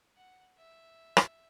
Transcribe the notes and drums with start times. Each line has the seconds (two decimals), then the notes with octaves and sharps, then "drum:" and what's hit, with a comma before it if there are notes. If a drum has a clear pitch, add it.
0.16 F#5
0.58 E5
1.17 drum: rim click